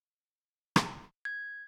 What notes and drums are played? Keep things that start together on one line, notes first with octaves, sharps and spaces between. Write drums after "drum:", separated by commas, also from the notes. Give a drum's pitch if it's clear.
drum: rim click
G#6